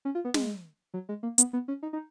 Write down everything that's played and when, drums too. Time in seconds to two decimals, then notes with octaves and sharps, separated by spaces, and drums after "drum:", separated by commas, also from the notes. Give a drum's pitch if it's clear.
0.05 C#4
0.15 F4
0.25 B3
0.34 G#3, drum: snare
0.94 F#3
1.09 G#3
1.23 A#3
1.38 B3, drum: hi-hat
1.53 B3
1.68 C#4
1.83 D#4
1.93 D#4